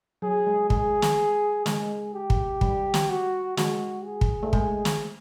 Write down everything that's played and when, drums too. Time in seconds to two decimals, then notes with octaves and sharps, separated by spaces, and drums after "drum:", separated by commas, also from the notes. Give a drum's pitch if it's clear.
0.22 F#3 G#4
0.47 G#3
0.70 G#3 G#4, drum: kick
1.02 drum: snare
1.66 G#3 G#4, drum: snare
2.14 G4
2.30 drum: kick
2.61 G3, drum: kick
2.94 drum: snare
3.09 F#4
3.57 G#3 F#4, drum: snare
4.05 G#4
4.21 drum: kick
4.43 A3
4.53 G#3 G#4, drum: kick
4.85 drum: snare